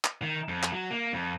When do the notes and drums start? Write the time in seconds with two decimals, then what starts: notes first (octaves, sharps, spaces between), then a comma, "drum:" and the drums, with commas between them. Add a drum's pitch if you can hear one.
0.04 drum: clap
0.22 D#3
0.49 F2
0.63 drum: clap
0.72 F#3
0.91 A#3
1.13 F2